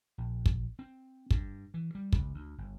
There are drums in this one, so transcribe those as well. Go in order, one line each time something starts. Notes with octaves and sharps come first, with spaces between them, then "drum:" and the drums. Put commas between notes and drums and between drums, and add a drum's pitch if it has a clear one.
A#1
drum: kick
C4
G2, drum: kick
E3
G3
C#2, drum: kick
D2
G1